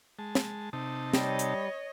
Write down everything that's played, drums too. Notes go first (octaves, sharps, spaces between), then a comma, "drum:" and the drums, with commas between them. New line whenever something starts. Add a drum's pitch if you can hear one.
G#3 A5
drum: snare
C3 D#4 A5
G3 C#5 D#5, drum: snare
drum: hi-hat